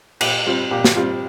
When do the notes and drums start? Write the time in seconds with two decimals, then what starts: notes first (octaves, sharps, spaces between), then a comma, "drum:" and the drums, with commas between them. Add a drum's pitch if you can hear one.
0.21 A#2 G4, drum: cymbal
0.46 G3 C4 F4
0.71 A#2 G4
0.85 drum: snare
0.96 G3 C4 F4